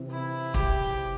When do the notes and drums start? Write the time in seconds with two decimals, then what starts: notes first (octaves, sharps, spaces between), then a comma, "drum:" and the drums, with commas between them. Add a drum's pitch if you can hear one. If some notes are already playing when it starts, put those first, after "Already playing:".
Already playing: C3 E3 C4
0.11 E4
0.54 G4, drum: kick